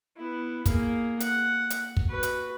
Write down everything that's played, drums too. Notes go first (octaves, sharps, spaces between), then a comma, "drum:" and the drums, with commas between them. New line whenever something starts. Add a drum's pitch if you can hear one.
B3 E4
A#3 G#4, drum: kick, hi-hat
F#5, drum: hi-hat
drum: hi-hat
drum: kick
F#4 B4
drum: hi-hat